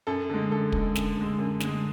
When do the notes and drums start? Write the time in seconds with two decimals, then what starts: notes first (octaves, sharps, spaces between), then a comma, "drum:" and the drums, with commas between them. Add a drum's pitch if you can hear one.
0.07 F#2 A4
0.30 D3 G#3
0.51 F#2 A4
0.72 D3 G#3, drum: kick
0.95 F#2, drum: snare
1.17 D3 G#3
1.39 F#2
1.60 D3 G#3, drum: snare